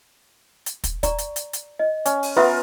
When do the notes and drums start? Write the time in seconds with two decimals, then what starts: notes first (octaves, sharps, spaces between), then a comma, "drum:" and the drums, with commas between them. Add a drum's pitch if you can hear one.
0.66 drum: hi-hat
0.84 drum: kick, hi-hat
1.03 D5 A#5 C#6, drum: kick, hi-hat
1.18 drum: hi-hat
1.36 drum: hi-hat
1.53 drum: hi-hat
1.79 D#5
2.06 C#4, drum: hi-hat
2.23 drum: open hi-hat
2.37 B3 F4 A#4 B4 E5 F#5